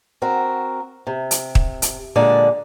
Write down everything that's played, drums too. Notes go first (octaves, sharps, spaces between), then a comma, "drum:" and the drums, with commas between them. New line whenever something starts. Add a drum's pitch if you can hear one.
C4 F#4 A#4
C3
drum: hi-hat
drum: kick
drum: hi-hat
A#2 D3 G#3 D5 A5